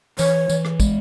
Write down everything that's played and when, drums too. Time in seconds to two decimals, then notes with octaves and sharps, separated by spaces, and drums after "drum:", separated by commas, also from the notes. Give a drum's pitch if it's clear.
0.19 E3 C#5, drum: tambourine
0.50 E3, drum: tambourine
0.65 drum: rim click
0.80 G#3, drum: kick, tambourine